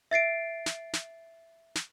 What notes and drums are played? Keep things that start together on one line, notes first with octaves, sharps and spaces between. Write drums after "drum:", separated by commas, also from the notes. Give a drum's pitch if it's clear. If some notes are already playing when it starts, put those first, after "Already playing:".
E5 A6 C7 D7
drum: snare
drum: snare
drum: snare